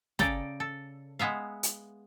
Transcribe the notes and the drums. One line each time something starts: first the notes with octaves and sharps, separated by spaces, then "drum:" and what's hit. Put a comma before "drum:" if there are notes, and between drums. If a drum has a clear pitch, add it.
C#3 A4 D5 G5 A#5, drum: snare
A4
G#3 B3 E5 F5
drum: hi-hat